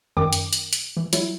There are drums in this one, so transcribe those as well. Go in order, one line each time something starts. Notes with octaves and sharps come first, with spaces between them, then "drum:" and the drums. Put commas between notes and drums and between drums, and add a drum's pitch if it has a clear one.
F#2 D#3 G5 D6
drum: hi-hat
drum: hi-hat
drum: hi-hat
E3
F#3 E4, drum: hi-hat